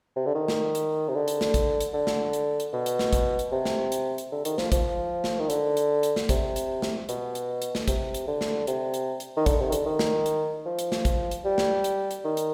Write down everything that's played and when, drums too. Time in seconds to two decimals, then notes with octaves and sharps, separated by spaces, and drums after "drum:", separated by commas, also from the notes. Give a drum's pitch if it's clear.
0.16 C3
0.26 D3
0.35 D#3
0.48 drum: snare
0.75 drum: hi-hat
1.09 C3
1.15 D3
1.28 drum: hi-hat
1.41 drum: snare
1.54 drum: kick, hi-hat
1.81 drum: hi-hat
1.94 D3
2.07 drum: snare
2.33 drum: hi-hat
2.60 drum: hi-hat
2.73 B2
2.86 drum: hi-hat
2.99 drum: snare
3.13 drum: kick, hi-hat
3.39 drum: hi-hat
3.52 C3
3.65 drum: snare
3.92 drum: hi-hat
4.18 drum: hi-hat
4.32 D3
4.45 D#3, drum: hi-hat
4.58 F3, drum: snare
4.72 F3, drum: kick, hi-hat
5.24 drum: snare
5.39 D#3
5.50 D3, drum: hi-hat
5.77 drum: hi-hat
6.03 drum: hi-hat
6.16 drum: snare
6.29 C3, drum: kick, hi-hat
6.56 drum: hi-hat
6.82 drum: snare
7.09 B2, drum: hi-hat
7.35 drum: hi-hat
7.62 drum: hi-hat
7.75 drum: snare
7.88 C3, drum: kick, hi-hat
8.14 drum: hi-hat
8.27 D3
8.41 drum: snare
8.67 C3, drum: hi-hat
8.94 drum: hi-hat
9.20 drum: hi-hat
9.37 D#3
9.46 D3, drum: kick, hi-hat
9.60 C3
9.69 D#3
9.72 D3, drum: hi-hat
9.86 D#3
9.99 drum: snare
10.26 drum: hi-hat
10.66 F3
10.79 drum: hi-hat
10.92 drum: snare
11.05 drum: kick, hi-hat
11.31 drum: hi-hat
11.45 G3
11.58 drum: snare
11.84 drum: hi-hat
12.11 drum: hi-hat
12.24 D#3
12.37 drum: hi-hat